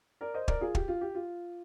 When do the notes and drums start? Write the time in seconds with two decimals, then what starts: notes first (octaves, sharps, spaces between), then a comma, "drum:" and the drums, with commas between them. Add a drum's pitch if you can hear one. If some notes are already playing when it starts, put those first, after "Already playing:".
0.21 A#4 D5
0.34 C5 D#5
0.48 A#4 D5, drum: kick
0.61 F4 G#4
0.75 G4, drum: kick
0.88 F4
1.01 G4
1.15 F4